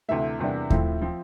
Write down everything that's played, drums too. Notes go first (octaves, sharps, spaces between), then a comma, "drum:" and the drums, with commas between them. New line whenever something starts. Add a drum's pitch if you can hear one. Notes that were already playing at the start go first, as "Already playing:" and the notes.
D2 C3 E3 A3 E5
E2 C3 G3 A#3 D4
A2 F3 A3 C4 E4, drum: kick D#2
F3 C4